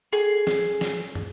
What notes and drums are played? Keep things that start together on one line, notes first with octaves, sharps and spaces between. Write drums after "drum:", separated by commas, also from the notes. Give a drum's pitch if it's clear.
G#4
drum: snare
drum: snare
drum: tom